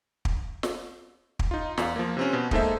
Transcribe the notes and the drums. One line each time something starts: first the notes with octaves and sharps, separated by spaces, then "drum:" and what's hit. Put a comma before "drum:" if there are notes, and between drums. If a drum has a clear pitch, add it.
drum: kick
drum: snare
drum: kick
D#4 F4
E2 F5, drum: snare
F3 A#3
C3 C4 C#4
B2
G#3 A#3 D#4 A4 C5 E5, drum: kick